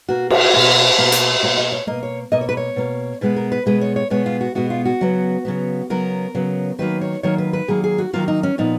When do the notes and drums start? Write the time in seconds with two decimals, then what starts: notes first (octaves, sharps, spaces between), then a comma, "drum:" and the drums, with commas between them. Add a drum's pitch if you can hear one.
0.09 B2 A#3 F#4
0.30 F#4, drum: cymbal
0.53 B2 A#3
0.98 B2 A#3
1.12 drum: hi-hat
1.43 B2 A#3 C#5
1.57 D#5
1.72 C#5
1.87 B2 A#3 D#5
2.03 C#5
2.32 B2 A#3 D#5
2.41 C#5
2.49 B4
2.57 C#5
2.76 B2 A#3
3.21 B2 G#3 B3 B4
3.36 A#4
3.52 B4
3.66 B2 G#3 B3 B4
3.81 C#5
3.96 C#5
4.10 B2 G#3 B3 C#5
4.26 F4
4.41 F#4
4.55 B2 G#3 B3 F#4
4.70 F4
4.85 F#4
5.01 C#3 F#3 B3
5.45 C#3 F#3 B3
5.90 C#3 F#3 B3 A#4
6.35 C#3 F#3 B3
6.79 D#3 F#3 A#3 B4
7.01 C#5
7.23 D#3 F#3 A#3 C#5
7.38 B4
7.53 B4
7.68 D#3 F#3 A#3 G#4
7.84 G#4
7.98 F#4
8.13 D#3 F#3 A#3 F4
8.28 D#4
8.43 C#4
8.58 A#2 F3 B3 D#4